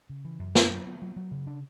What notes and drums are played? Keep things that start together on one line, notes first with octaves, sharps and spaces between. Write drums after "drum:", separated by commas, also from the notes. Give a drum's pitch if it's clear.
C#3
E3
F#2
D4, drum: snare
F#3
B3
F#3
F#3
C#3
D4